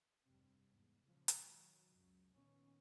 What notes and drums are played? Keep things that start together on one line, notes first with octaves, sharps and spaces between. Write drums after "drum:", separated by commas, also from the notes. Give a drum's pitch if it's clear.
F1 G2 C3 G3 C4
E2 G#2
A#2 C#3 F3 G#3
drum: hi-hat
D#3 F#3
C#2 F#2
A#2 D#3 B3 C#4